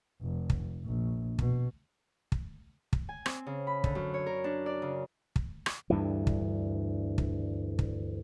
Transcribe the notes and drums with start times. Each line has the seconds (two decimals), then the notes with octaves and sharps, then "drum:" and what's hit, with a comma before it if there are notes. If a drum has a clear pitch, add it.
0.22 F1
0.50 drum: kick
0.85 A#1
1.39 B2, drum: kick
2.32 drum: kick
2.93 drum: kick
3.09 G#5
3.26 C4, drum: rim click
3.47 C#3
3.67 B5
3.84 D3, drum: kick
3.95 F#2
4.14 C#5
4.26 A#4
4.44 D4
4.66 D5
4.82 C#3
5.36 drum: kick
5.66 drum: rim click
5.90 D2 G2 E3
6.27 drum: kick
7.18 drum: kick
7.79 drum: kick